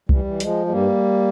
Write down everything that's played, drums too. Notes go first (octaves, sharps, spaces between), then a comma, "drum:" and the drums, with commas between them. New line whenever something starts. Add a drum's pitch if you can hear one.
E3 G3, drum: kick C2
E3
F3 G#3, drum: hi-hat
G#3
G2 G3 A#3